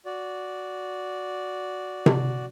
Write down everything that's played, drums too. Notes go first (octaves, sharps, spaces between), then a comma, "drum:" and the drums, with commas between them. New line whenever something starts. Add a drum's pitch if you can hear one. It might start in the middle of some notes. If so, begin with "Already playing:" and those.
F#4 D5
drum: tom C3